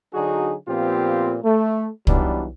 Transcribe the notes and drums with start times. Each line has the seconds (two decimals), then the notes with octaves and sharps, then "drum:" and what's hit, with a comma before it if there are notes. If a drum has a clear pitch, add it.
0.13 D3 F#3 D4 D#4 F#4 G#4
0.67 A#2 F3 B3 C4 F4 G4
1.44 A3
2.07 E3 F#3 G3 B3 D4 D#4, drum: kick